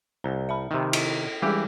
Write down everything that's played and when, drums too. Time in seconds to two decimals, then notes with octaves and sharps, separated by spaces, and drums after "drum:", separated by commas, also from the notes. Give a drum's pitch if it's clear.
0.24 C2 A#5
0.49 E5 A5 B5
0.71 C3 D#3
0.93 E4 D#5, drum: cymbal
1.42 E3 G3 G#3 G4 G#4